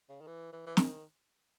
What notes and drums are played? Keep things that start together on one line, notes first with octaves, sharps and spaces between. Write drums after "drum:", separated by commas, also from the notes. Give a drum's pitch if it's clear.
C#3
D#3
E3
E3
E3
D#3, drum: snare